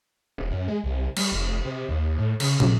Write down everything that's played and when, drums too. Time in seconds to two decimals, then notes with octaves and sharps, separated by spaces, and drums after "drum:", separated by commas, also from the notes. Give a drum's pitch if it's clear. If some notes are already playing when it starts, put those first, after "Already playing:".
0.38 E1
0.51 F#2
0.68 G#3
0.84 C2
1.17 G3, drum: cymbal
1.32 F1
1.65 C3
1.88 D#2
2.18 A2
2.40 C#3, drum: cymbal
2.60 C3, drum: tom